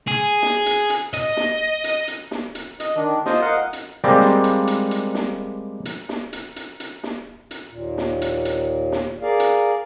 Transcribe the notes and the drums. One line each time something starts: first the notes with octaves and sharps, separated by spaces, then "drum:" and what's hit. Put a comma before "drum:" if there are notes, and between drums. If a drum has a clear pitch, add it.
G#4
drum: snare
drum: hi-hat
drum: hi-hat
D#5, drum: hi-hat
drum: snare
drum: hi-hat
drum: hi-hat
drum: snare
drum: hi-hat
D#5, drum: hi-hat
D#3 D4
F4 C5 D#5, drum: snare
A#4 D#5 F5 F#5
drum: hi-hat
G3 G#3 A#3 C4 D5
drum: snare
drum: hi-hat
drum: hi-hat
drum: hi-hat
drum: snare
drum: hi-hat
drum: snare
drum: hi-hat
drum: hi-hat
drum: hi-hat
drum: snare
drum: hi-hat
D#2 A#2
drum: snare
drum: hi-hat
drum: hi-hat
drum: snare
G#4 A#4 D5 F5
drum: hi-hat